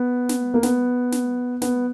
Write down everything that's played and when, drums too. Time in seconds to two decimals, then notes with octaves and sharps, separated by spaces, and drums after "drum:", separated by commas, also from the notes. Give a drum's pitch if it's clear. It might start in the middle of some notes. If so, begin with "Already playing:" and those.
Already playing: B3
0.29 drum: snare
0.54 A#3
0.63 B3, drum: snare
1.12 drum: snare
1.62 B3, drum: snare